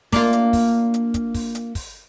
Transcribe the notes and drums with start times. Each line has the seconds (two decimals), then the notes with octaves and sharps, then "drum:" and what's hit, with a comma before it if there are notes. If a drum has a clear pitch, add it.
0.12 A#3 D4 F4, drum: kick, open hi-hat
0.33 drum: hi-hat
0.53 drum: kick, open hi-hat
0.94 drum: hi-hat
1.14 drum: kick, hi-hat
1.34 drum: kick, open hi-hat
1.55 drum: hi-hat
1.75 drum: kick, open hi-hat